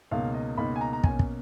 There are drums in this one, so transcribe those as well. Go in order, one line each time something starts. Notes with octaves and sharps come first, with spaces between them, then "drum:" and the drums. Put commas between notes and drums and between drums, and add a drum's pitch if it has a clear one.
C#2 B2 A#3 D#4 F5
D#5
C#2 B2 A#3 D#4 B5
G#5
A#5
A#5
B2 A#3 C#4 G#5, drum: kick
drum: kick